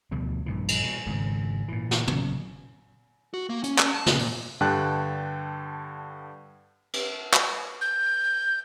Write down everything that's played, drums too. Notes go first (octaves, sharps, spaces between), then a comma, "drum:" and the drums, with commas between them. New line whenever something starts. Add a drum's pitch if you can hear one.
D2 B2 F3 G3
A#1 G2 A#2 E3
drum: cymbal
B2
G#1 G#2 C#3 G#3
A#2 E3
drum: snare
F#1 C#3 F#3 C#4, drum: tom
F#4
A#3
C#4, drum: hi-hat
C#4, drum: clap
A5
C#3, drum: snare
A#2, drum: open hi-hat
G2 D3 G5 A5 F#6
drum: cymbal
drum: clap
G6